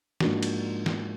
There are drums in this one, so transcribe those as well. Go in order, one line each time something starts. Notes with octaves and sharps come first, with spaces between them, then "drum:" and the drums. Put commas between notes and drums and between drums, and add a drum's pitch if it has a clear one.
G#2 F3 A#3 D4 F#4, drum: snare
drum: cymbal
drum: snare